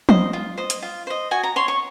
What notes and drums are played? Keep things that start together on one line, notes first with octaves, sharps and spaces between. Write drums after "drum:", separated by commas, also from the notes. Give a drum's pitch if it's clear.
C5 D#5, drum: tom
F4
C5 D#5
drum: hi-hat
F4
C5 D#5
F#4 G#5
A#5
C#5 C6
C#6